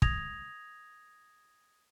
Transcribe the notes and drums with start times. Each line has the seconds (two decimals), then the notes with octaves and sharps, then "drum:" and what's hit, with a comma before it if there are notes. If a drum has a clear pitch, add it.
0.02 D#6 G#6 A#6 F7, drum: kick